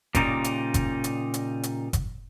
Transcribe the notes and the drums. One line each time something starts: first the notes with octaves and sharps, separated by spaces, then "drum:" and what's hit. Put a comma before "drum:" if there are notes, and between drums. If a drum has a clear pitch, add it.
A#2 C#3 G3 D#4, drum: kick F#1, hi-hat
drum: hi-hat
drum: kick F#1, hi-hat
drum: hi-hat
drum: hi-hat
drum: hi-hat
drum: kick F#1, hi-hat